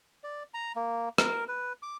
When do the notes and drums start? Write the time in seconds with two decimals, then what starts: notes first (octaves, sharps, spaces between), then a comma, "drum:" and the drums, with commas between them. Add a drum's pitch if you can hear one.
0.23 D5
0.54 A#5
0.76 A#3
1.18 A#4, drum: rim click
1.48 B4
1.82 D6